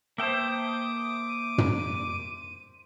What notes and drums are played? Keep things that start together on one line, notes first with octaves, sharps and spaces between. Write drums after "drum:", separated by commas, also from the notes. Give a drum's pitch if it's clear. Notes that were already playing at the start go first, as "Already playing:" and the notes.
A#3 C5 E5 G5 A5 D6 D#6
D#7
drum: tom